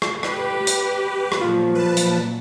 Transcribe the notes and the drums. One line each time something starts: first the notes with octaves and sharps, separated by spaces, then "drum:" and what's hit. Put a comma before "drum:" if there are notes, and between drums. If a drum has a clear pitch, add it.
drum: rim click
G4 B4, drum: rim click
drum: hi-hat
drum: rim click
A#2 F3 F#3
B4 A5
drum: hi-hat